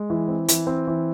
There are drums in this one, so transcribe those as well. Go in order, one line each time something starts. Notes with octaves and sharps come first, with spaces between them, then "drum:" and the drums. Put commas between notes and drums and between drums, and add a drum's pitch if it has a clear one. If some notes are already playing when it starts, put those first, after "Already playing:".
Already playing: G#3
E3
C4
E3, drum: hi-hat
C4
E3